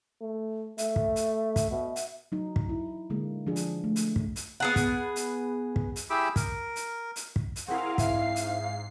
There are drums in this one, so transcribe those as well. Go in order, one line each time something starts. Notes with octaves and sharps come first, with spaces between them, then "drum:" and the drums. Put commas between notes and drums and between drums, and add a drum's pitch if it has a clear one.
A3
A3 E5, drum: hi-hat
drum: kick
drum: hi-hat
drum: kick, hi-hat
B2
drum: hi-hat
F#3 D#4
drum: kick
E4
D3 G#3 A#3
F3 D4 G#4
drum: hi-hat
A3
drum: hi-hat
drum: kick
drum: hi-hat
B3 G#4 F#5
drum: kick, hi-hat
drum: hi-hat
drum: kick
drum: hi-hat
E4 G4 G#4 B5 D6 E6
A#4, drum: kick, hi-hat
drum: hi-hat
drum: hi-hat
drum: kick
drum: hi-hat
C4 E4 G#4 A#4 F5 F#5
G#2 E5 F5 C7, drum: kick, hi-hat
drum: hi-hat